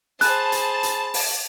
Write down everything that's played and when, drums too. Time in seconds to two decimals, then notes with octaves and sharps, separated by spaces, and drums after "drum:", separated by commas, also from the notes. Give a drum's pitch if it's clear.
0.21 G#4 C5 A5 B5 F#6, drum: hi-hat
0.52 drum: hi-hat
0.83 drum: hi-hat
1.14 drum: open hi-hat